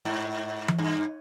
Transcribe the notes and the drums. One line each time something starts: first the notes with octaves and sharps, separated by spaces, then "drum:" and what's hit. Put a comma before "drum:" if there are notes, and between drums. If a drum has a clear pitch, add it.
G#2
drum: tom E3
G2